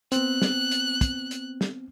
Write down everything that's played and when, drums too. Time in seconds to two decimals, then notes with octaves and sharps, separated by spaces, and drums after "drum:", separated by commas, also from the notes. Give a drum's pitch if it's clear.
0.12 B3 C4 F#6, drum: hi-hat
0.42 drum: snare
0.71 drum: hi-hat
1.01 drum: kick, hi-hat
1.31 drum: hi-hat
1.61 drum: snare